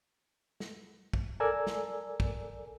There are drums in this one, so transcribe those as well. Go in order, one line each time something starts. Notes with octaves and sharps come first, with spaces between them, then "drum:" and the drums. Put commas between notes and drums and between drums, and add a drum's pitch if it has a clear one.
drum: snare
drum: kick
A4 A#4 D5 G#5 E6
drum: snare
drum: kick